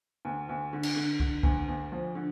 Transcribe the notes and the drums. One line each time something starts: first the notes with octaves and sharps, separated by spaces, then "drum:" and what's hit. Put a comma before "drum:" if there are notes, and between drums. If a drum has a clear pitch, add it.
D2
D2
D3
drum: cymbal
D3
D3, drum: kick C2
D2, drum: kick C2
D2
F3
D3